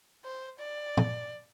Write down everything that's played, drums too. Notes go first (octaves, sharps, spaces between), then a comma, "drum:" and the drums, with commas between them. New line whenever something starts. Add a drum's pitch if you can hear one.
C5
D5
drum: tom